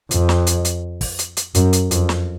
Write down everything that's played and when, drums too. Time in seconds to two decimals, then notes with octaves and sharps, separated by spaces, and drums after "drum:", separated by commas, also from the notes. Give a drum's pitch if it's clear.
0.11 F2, drum: hi-hat
0.29 drum: snare
0.47 drum: hi-hat
0.65 drum: hi-hat
1.01 drum: kick, open hi-hat
1.19 drum: hi-hat
1.37 drum: hi-hat
1.55 F#2, drum: hi-hat
1.73 drum: hi-hat
1.91 F2, drum: hi-hat
2.09 drum: snare